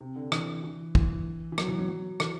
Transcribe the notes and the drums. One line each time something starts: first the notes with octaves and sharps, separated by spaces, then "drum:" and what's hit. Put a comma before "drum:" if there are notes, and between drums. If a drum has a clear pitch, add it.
C3
D3
E3, drum: rim click
E3
E3, drum: kick
E3
F#3, drum: rim click
E3
F#3
F#3
E3, drum: rim click